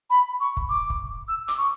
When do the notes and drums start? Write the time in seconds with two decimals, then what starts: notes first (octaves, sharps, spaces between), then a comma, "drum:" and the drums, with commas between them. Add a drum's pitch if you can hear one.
0.10 B5
0.40 C#6
0.57 drum: kick
0.69 D6
0.90 drum: kick
1.28 E6
1.48 D6, drum: hi-hat
1.58 C#6